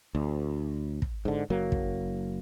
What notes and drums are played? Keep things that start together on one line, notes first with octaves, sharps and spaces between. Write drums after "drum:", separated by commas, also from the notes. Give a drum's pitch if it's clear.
D2
drum: kick
G#2 D3
F#1 F#3 A#3
drum: kick